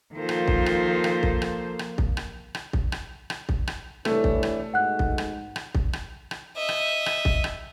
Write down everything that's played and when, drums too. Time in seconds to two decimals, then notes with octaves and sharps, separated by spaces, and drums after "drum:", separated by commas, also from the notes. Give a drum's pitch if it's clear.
0.15 D#3 F3 A#3 F4 A4 C5
0.29 drum: rim click
0.47 drum: kick
0.66 drum: rim click
1.04 drum: rim click
1.23 drum: kick
1.42 drum: rim click
1.79 drum: rim click
1.98 drum: kick
2.17 drum: rim click
2.55 drum: rim click
2.73 drum: kick
2.92 drum: rim click
3.30 drum: rim click
3.49 drum: kick
3.67 drum: rim click
4.05 C2 A2 E3 A3 D4, drum: rim click
4.24 drum: kick
4.43 drum: rim click
4.74 G#2 B2 G#3 F#5 F#6
4.99 drum: kick
5.18 drum: rim click
5.56 drum: rim click
5.75 drum: kick
5.93 drum: rim click
6.31 drum: rim click
6.57 D#5 E5
6.69 drum: rim click
7.06 drum: rim click
7.25 drum: kick
7.44 drum: rim click